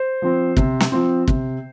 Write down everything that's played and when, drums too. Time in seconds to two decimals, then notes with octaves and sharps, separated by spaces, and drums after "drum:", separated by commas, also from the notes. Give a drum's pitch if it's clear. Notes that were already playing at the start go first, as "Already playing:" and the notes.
Already playing: C5
0.22 F3 C4
0.57 C3, drum: kick
0.80 drum: snare
0.92 F3 C4
1.28 C3, drum: kick